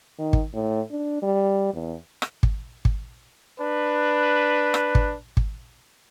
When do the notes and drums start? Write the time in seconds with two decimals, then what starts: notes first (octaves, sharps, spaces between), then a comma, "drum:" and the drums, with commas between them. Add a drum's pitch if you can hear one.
0.19 D#3
0.33 drum: kick
0.54 A2
0.91 D4
1.23 G3
1.74 E2
2.22 drum: rim click
2.43 drum: kick
2.85 drum: kick
3.60 D4 B4
4.74 drum: rim click
4.95 drum: kick
5.37 drum: kick